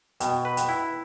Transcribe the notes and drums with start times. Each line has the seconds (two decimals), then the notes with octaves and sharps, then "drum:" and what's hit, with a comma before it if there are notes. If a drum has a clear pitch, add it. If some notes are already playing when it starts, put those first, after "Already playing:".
0.20 B2 G5, drum: hi-hat
0.45 B4
0.57 G5, drum: hi-hat
0.69 E4